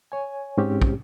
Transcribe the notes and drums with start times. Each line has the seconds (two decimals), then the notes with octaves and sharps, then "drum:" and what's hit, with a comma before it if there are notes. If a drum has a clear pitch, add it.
0.12 C#5 G#5
0.57 G#2 C4 C#4 G4
0.82 drum: kick